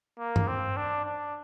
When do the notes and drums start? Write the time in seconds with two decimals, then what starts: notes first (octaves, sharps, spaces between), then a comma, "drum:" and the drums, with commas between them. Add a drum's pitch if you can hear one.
0.19 A#3
0.36 drum: tom G2
0.48 C4
0.77 D4
1.05 D4